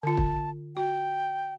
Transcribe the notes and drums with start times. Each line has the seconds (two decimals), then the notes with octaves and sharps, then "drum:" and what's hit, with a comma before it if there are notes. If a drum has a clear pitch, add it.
0.03 D3 F4 A5
0.17 drum: kick
0.77 F#4 G5